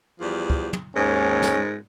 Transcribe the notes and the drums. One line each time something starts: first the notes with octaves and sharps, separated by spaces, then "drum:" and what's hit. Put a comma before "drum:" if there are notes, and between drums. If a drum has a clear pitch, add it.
E2 F3 G3
drum: kick
drum: tom
D#2 G#2 C#4
drum: snare